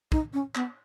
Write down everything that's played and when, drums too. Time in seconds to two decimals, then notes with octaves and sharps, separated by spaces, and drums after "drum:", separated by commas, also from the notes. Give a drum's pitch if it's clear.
0.12 D#4, drum: kick
0.33 C#4
0.55 B3, drum: clap